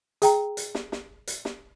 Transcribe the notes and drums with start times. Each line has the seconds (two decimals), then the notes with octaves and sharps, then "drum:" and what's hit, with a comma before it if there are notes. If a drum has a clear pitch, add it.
0.22 G#4 G5 A#5, drum: hi-hat
0.57 drum: hi-hat
0.75 drum: snare
0.92 drum: snare
1.27 drum: hi-hat
1.45 drum: snare